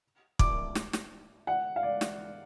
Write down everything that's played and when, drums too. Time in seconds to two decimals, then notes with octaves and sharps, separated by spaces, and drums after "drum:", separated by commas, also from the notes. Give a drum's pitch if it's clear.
0.39 D6, drum: kick
0.75 drum: snare
0.93 drum: snare
1.47 F#5
1.76 F5
1.83 D5
2.01 drum: snare